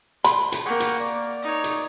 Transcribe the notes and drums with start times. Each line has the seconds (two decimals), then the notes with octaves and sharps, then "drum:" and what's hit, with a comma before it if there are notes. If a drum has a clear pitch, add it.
0.24 B5 C6, drum: hi-hat
0.52 drum: hi-hat
0.66 A#3 F#5 G5 C#6
0.80 drum: hi-hat
1.00 D5
1.42 D#4 C#5
1.64 drum: hi-hat